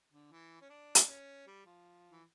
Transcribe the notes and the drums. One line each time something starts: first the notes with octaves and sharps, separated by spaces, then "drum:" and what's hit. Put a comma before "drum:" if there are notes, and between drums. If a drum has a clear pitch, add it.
D3
E3
C#4
D4
drum: hi-hat
C#4
G3
F3
E3